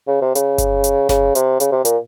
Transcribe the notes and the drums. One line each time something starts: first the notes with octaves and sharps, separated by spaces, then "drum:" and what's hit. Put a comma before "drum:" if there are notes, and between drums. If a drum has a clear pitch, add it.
C#3
C3
C#3, drum: hi-hat
drum: kick G1, hi-hat
drum: hi-hat
C#3, drum: snare G1
C3, drum: hi-hat
C#3, drum: hi-hat
C3
A#2, drum: hi-hat